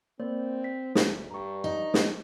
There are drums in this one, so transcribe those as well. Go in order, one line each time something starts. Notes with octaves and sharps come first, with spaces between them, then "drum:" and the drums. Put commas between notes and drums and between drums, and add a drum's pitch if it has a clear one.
A#3 C4 C5 D5
B6
D2, drum: snare
G2 A#5 C#6
D#4
drum: snare